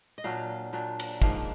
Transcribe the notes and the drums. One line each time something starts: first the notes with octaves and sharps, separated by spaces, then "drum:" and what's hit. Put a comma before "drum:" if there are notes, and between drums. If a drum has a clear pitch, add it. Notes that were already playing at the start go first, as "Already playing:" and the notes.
D#5
A#2 F#3 D4 F5
A#2 F#3 D4
drum: cymbal
G#2 F3 A#3 F5, drum: kick